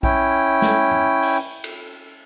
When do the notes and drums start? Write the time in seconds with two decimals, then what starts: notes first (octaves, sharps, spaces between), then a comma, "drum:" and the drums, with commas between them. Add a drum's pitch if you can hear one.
0.03 C#4 E4 G5, drum: kick A#1
0.62 drum: snare
0.91 drum: tom G2
1.22 drum: open hi-hat
1.64 drum: cymbal